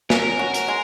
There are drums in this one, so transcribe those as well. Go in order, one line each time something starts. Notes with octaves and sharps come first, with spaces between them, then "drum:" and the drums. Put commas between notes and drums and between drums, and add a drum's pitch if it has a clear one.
C#4 A#4, drum: snare
F#4
A#4, drum: hi-hat
G#3